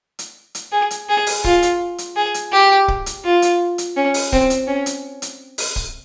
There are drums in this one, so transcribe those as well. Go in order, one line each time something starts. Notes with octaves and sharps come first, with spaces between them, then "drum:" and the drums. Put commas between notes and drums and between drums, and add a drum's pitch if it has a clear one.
drum: hi-hat
drum: hi-hat
G#4
drum: hi-hat
G#4
drum: open hi-hat
F4, drum: kick C#1
drum: hi-hat
drum: hi-hat
G#4
drum: hi-hat
G4
drum: kick C#1
drum: hi-hat
F4
drum: hi-hat
drum: hi-hat
C#4
drum: open hi-hat
C4, drum: kick C#1
drum: hi-hat
C#4
drum: hi-hat
drum: hi-hat
drum: open hi-hat
drum: kick C#1